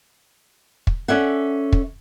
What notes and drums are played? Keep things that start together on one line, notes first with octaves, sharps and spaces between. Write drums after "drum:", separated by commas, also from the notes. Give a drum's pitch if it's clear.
drum: kick
C#4 A4 C#5 D5 E5 F#5
drum: kick